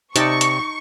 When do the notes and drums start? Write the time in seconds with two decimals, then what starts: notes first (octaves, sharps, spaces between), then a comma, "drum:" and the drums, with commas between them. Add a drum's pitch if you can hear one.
0.16 C3 D#4 D5 A5 C#6, drum: hi-hat
0.41 drum: hi-hat